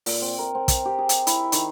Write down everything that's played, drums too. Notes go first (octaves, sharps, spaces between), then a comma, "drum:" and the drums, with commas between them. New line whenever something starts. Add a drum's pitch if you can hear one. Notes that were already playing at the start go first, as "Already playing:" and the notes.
A#2, drum: open hi-hat
C4
A#4
C4
drum: kick, hi-hat
G4
G#4
drum: hi-hat
E4, drum: hi-hat
D#3, drum: hi-hat